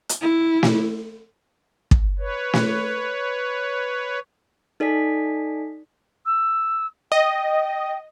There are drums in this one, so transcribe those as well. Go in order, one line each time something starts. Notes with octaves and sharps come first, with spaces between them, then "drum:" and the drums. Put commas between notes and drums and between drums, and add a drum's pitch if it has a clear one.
drum: hi-hat
E4
drum: snare
drum: kick
B4 C#5
drum: snare
D#4 A4 D5 G#5 B6
E6
D#5 G5